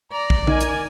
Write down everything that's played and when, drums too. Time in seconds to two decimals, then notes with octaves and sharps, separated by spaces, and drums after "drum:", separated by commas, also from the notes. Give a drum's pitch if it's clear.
0.12 D5 A#5
0.30 drum: kick
0.47 D#4 A#4 G#5, drum: tom
0.60 drum: hi-hat